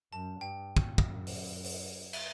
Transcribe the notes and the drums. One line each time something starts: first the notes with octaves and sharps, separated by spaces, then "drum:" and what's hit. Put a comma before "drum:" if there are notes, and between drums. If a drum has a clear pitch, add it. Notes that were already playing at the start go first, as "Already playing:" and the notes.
F#2 A5
G2 G5
drum: kick
F#2, drum: kick
drum: open hi-hat
drum: open hi-hat
E5, drum: cymbal